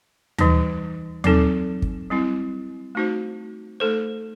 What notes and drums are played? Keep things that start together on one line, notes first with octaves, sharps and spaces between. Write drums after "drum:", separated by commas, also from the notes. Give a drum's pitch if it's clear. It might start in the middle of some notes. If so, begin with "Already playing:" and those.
E3 G3 D#4, drum: tom D#2
F#3 C4 D#4 A4, drum: tom D#2
drum: kick
G3 C4 E4
A3 D#4 F#4 C5
A3 D#4 A4 C5